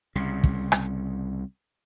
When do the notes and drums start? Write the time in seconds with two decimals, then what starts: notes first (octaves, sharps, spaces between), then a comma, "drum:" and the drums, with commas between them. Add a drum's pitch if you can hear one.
0.15 C2 C#3
0.44 drum: kick
0.72 drum: rim click